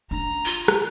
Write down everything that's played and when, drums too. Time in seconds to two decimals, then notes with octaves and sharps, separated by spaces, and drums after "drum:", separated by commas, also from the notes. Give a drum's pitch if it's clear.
0.11 D4 A#5
0.45 F4
0.68 drum: rim click